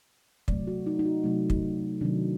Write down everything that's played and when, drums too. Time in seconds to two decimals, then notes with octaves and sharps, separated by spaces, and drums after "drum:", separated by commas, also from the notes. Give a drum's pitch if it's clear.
0.48 C3 F#3 A3 D5, drum: kick
0.67 F#4
0.87 D#4
0.99 D#4
1.05 F#4
1.24 C3 F#3 A3
1.50 drum: kick
2.01 C3 D#3 F#3 D4